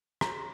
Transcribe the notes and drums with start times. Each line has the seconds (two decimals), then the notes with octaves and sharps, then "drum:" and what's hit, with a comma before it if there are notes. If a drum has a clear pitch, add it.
0.21 A#5, drum: rim click